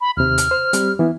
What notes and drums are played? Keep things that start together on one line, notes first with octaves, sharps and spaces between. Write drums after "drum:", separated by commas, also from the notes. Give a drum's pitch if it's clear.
B5
D#2 C3 F6
drum: hi-hat
C5
G3 C4 G4, drum: hi-hat
E3 B3 E4